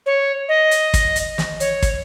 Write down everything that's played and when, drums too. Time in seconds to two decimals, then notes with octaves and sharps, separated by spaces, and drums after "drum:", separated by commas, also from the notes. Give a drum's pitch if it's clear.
0.06 C#5
0.49 D#5
0.71 drum: hi-hat
0.94 drum: kick, hi-hat
1.16 drum: hi-hat
1.38 drum: snare
1.60 C#5, drum: hi-hat
1.82 drum: kick, hi-hat